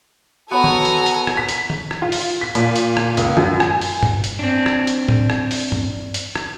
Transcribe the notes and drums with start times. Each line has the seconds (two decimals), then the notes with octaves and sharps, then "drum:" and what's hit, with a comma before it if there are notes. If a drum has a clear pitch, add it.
0.51 B3 F#4 A4 C#5 G#5 A#5 B5
0.64 drum: tom
0.85 drum: hi-hat
1.06 drum: hi-hat
1.27 drum: rim click
1.37 B6
1.49 drum: hi-hat
1.70 drum: tom
1.91 drum: rim click
2.02 F4
2.12 drum: open hi-hat
2.41 B6
2.55 A#2, drum: hi-hat
2.76 drum: hi-hat
2.97 drum: rim click
3.17 C#2, drum: hi-hat
3.37 F#2, drum: tom
3.60 G#5, drum: rim click
3.81 drum: open hi-hat
4.03 drum: tom G2
4.24 drum: hi-hat
4.39 C4 D4
4.66 drum: rim click
4.87 drum: hi-hat
5.08 drum: tom A2
5.30 drum: rim click
5.51 drum: open hi-hat
5.72 drum: tom G2
6.14 drum: hi-hat
6.35 drum: rim click